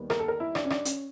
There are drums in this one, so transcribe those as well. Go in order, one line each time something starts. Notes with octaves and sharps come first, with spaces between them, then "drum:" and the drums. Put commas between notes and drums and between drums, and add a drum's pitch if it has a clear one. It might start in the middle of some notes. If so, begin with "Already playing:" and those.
Already playing: D#2 D#3 G3 B3
A#4, drum: rim click
A4
A#4
E4
D4, drum: rim click
C#4
D4, drum: rim click
C#4, drum: hi-hat